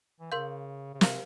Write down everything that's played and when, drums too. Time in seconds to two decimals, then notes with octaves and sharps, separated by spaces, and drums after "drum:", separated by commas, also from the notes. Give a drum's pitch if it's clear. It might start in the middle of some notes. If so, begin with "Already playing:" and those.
0.20 E3
0.32 C#3 A#4 F5 C6 G6
0.94 C#3
1.01 C3 G4 A#4 F5 A#5, drum: snare